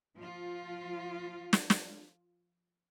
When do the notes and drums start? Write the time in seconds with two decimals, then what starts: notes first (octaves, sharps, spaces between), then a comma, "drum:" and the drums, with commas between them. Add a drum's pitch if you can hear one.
0.15 F3 F4
1.53 drum: snare
1.70 drum: snare